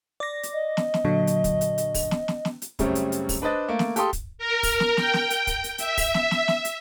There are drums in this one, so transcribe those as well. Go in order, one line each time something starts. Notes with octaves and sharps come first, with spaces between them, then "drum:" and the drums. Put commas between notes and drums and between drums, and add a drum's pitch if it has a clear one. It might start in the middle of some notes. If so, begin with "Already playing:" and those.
D5 A#6
drum: hi-hat
D#5
drum: snare
drum: snare
A#2 D3 F#3
drum: hi-hat
drum: kick, hi-hat
drum: hi-hat
drum: hi-hat
drum: kick, open hi-hat
drum: snare
drum: snare
drum: snare
drum: hi-hat
F#2 C#3 G3 A3 C4 C#4, drum: kick, hi-hat
drum: hi-hat
drum: hi-hat
drum: kick, open hi-hat
D4 B4 C5 D#5 A6
A3 A#3
drum: snare
G4 A4 F5 G5 C6 D#6, drum: hi-hat
drum: kick, hi-hat
A#4
drum: kick, open hi-hat
drum: snare
G5, drum: snare
drum: snare
drum: hi-hat
drum: kick, hi-hat
drum: hi-hat
E5, drum: hi-hat
drum: kick, open hi-hat
drum: snare
drum: snare
drum: snare
drum: hi-hat